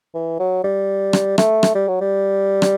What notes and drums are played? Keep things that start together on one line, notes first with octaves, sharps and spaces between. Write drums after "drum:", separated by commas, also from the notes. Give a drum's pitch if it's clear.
E3
F#3
G3
drum: rim click
A3, drum: rim click
drum: rim click
G3
F#3
G3
drum: rim click